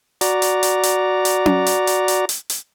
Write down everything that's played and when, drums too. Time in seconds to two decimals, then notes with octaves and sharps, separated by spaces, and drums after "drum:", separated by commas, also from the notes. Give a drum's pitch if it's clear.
0.21 F#4 D5 A#5, drum: hi-hat
0.42 drum: hi-hat
0.63 drum: hi-hat
0.83 drum: hi-hat
1.25 drum: hi-hat
1.46 drum: tom C#4
1.66 drum: hi-hat
1.87 drum: hi-hat
2.08 drum: hi-hat
2.29 drum: hi-hat
2.50 drum: hi-hat